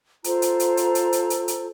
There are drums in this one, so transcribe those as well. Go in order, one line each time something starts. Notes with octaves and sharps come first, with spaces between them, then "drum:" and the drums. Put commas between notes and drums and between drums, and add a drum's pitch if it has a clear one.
F4 A4 C5 A#5, drum: hi-hat
drum: hi-hat
drum: hi-hat
drum: hi-hat
drum: hi-hat
drum: hi-hat
drum: hi-hat
drum: hi-hat